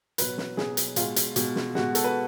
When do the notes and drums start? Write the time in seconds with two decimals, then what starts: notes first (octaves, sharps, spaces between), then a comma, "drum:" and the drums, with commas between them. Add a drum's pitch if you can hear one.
0.18 B2 F#3 B4, drum: hi-hat
0.38 drum: snare
0.57 B2 F#3 G#4, drum: snare
0.77 drum: hi-hat
0.96 B2 G#3 F4, drum: hi-hat
1.16 drum: hi-hat
1.36 B2 G#3, drum: hi-hat
1.56 drum: snare
1.75 B2 G#3 F#4, drum: snare
1.95 A4, drum: hi-hat
2.04 B4